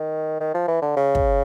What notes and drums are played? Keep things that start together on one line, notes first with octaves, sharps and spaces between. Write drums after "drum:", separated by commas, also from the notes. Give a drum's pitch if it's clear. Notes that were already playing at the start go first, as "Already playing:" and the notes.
Already playing: D#3
D#3
F3
E3
D3
C#3
drum: kick